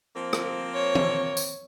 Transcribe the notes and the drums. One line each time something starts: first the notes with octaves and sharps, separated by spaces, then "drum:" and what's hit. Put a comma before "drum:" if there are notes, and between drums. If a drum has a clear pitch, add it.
F3 A#3 C4
drum: rim click
C#5
drum: tom E3
drum: tambourine